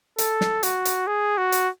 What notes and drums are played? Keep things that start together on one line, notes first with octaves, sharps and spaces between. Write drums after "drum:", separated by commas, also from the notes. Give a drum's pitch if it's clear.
A4, drum: hi-hat
drum: snare
F#4, drum: hi-hat
drum: hi-hat
G#4
F#4
drum: hi-hat